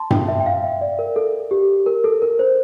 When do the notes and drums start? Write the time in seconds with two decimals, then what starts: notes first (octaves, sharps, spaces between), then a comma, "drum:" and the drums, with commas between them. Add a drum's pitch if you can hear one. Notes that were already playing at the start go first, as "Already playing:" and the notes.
Already playing: A5 C6
0.10 G5, drum: tom G2
0.28 E5
0.40 G5
0.46 F5
0.64 E5
0.81 D5
0.99 A#4
1.16 A4
1.51 G4
1.86 A#4
2.04 A4
2.22 A#4
2.39 C5